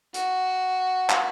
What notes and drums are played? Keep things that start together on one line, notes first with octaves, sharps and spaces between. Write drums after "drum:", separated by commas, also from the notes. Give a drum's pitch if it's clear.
F#4, drum: hi-hat
drum: clap